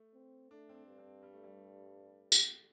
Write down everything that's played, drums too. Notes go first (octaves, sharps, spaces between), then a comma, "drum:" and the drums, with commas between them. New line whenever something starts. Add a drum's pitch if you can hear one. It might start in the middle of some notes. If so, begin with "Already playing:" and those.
Already playing: A3
C4
A3 D4
C4
D4
G2
C4
G3
A3
G3
drum: tambourine